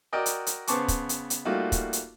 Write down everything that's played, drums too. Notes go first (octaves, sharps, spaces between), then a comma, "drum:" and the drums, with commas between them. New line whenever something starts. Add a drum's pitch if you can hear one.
F#4 A#4 D5 D#5 G5
drum: hi-hat
drum: hi-hat
C#3 B3 C5 A5 C#6 D6, drum: hi-hat
drum: kick, hi-hat
drum: hi-hat
drum: hi-hat
G3 A3 A#3 D#4 F4 F#4
drum: kick, hi-hat
drum: hi-hat